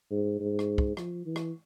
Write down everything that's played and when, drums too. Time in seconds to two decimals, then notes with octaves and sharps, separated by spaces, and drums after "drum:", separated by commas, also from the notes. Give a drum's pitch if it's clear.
0.11 G#2
0.40 G#2
0.59 drum: rim click
0.78 drum: kick
0.97 F3, drum: rim click
1.26 E3
1.36 drum: rim click